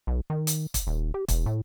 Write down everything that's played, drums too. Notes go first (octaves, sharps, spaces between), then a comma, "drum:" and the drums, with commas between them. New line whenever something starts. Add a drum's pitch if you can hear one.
B1
D#3
drum: hi-hat
drum: kick, hi-hat
D#1
G4
E1, drum: kick, hi-hat
A2